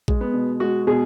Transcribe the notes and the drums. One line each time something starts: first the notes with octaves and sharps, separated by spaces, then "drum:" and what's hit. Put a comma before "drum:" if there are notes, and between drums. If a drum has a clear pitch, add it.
G#3, drum: kick
B3
B2
G#3 F#4
B2 G#4